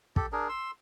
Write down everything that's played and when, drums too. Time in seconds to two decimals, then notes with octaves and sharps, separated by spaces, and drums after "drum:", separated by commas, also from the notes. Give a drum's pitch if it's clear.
0.16 G4 A4, drum: kick
0.33 D4 G#4 A#4
0.49 C6 E6